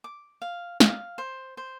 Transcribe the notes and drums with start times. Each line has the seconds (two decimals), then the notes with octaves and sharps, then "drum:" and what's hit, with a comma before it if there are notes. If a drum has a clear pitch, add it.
0.04 D6
0.42 F5
0.80 F5, drum: snare
1.18 C5
1.57 C5